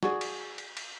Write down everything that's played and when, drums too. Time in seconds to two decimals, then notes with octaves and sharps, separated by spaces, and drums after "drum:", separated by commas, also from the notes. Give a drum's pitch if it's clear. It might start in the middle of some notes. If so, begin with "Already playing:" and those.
0.03 F#4 G#4 D5, drum: snare
0.21 drum: cymbal
0.58 drum: cymbal
0.77 drum: cymbal